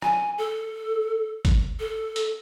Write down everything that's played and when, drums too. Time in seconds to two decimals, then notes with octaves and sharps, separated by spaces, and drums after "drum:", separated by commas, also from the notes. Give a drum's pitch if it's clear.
0.02 G#5, drum: rim click
0.38 A4
1.45 drum: kick, hi-hat
1.80 A4
2.16 drum: hi-hat